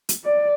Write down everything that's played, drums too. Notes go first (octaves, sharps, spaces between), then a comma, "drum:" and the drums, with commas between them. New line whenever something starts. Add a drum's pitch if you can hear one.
drum: hi-hat
D5